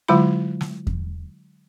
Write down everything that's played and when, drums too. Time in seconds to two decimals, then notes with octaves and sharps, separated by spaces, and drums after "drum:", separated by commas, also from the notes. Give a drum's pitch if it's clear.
0.08 D3 F#3 G#3 E4 F4 B5
0.61 drum: snare
0.87 drum: kick E2